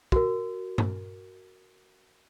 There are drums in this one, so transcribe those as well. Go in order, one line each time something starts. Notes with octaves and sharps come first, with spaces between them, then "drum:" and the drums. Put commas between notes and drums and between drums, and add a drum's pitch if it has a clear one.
F#4 A#4, drum: kick
drum: tom G2